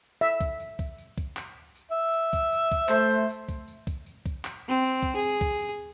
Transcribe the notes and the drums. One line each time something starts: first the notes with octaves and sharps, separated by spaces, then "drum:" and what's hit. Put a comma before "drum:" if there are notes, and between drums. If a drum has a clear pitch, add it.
E5, drum: tambourine
drum: kick C2, tambourine
drum: tambourine
drum: kick C2, tambourine
drum: tambourine
drum: kick C2, tambourine
drum: clap
drum: tambourine
E5
drum: tambourine
drum: kick C2, tambourine
drum: tambourine
drum: kick C2, tambourine
A3 C5, drum: clap
drum: tambourine
drum: tambourine
drum: kick C2, tambourine
drum: tambourine
drum: kick C2, tambourine
drum: tambourine
drum: kick C2, tambourine
drum: clap
C4
drum: tambourine
drum: kick C2, tambourine
G#4
drum: kick C2, tambourine
drum: tambourine